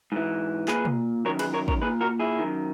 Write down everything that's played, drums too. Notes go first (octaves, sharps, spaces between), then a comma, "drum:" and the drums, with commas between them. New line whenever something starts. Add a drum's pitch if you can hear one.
G#2 E3
A#2 G#4 B4, drum: clap
drum: tom B2
F#2 D#3 A#4 C#5
G#4 B4, drum: cymbal
A#4 C#5
A#4 C#5, drum: kick
A#2 G#4 B4
F#4 A#4
E4 G#4
F#2 D#3